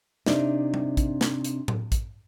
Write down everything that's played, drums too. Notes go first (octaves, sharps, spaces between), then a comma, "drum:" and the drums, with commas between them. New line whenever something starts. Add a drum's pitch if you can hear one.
C3 D4 D#4, drum: snare
drum: tom G3
drum: kick, hi-hat
drum: snare
drum: hi-hat
drum: tom A2
drum: kick, hi-hat